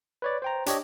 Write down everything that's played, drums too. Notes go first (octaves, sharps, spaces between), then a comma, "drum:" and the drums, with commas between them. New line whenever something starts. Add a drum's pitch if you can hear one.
B4 C#5 D5
C5 G5 A#5
D4 G4 C#5 D#5, drum: hi-hat